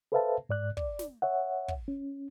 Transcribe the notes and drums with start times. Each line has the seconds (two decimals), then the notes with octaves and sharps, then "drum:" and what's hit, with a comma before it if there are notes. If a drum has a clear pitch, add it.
0.12 A4 B4 C5 E5 F5 A5
0.49 G#2 D5 F#6
0.77 D5, drum: kick
0.99 drum: snare
1.22 C#5 E5 F#5
1.68 drum: kick
1.88 C#4